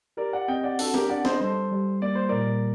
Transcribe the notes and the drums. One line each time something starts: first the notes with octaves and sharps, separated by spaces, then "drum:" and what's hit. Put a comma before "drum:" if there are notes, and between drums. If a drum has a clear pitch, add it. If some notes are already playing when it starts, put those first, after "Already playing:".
G4 A#4 D5
D5 F#5
C4 D#5 G5
D5 F#5
D4 F#4 A4, drum: open hi-hat
G4 A#4, drum: snare
D4 D5 F#5
C5 D#5, drum: snare
G3 A4 C5
G3
A#3 D5
C5
A#2 A#4 D5